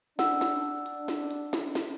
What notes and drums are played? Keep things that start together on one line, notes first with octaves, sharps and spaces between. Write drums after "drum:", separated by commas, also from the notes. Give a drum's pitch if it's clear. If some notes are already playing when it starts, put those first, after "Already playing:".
D4 F#5 E6, drum: snare
drum: snare
drum: hi-hat
drum: snare
drum: hi-hat
drum: snare
drum: snare